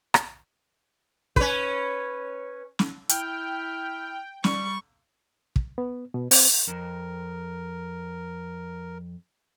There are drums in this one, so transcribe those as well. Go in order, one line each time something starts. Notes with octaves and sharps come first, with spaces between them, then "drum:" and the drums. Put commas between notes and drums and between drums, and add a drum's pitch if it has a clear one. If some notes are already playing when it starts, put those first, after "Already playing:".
drum: rim click
C#4 B4, drum: kick
drum: snare
E4 G5 F6, drum: hi-hat
G3 C#6, drum: snare
drum: kick
B3
B2
C4, drum: open hi-hat
F2 A#4